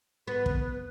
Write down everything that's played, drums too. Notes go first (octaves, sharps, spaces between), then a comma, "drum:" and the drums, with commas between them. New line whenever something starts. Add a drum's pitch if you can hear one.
B3 B4
drum: kick